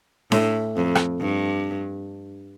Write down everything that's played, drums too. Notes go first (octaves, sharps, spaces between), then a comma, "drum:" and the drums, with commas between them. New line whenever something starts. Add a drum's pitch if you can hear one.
A2, drum: snare D4
F2
drum: rim click
G2